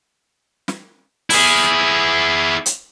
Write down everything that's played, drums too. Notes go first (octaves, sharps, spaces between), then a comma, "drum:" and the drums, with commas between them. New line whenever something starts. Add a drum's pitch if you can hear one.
drum: snare
E4 G#4, drum: open hi-hat
drum: hi-hat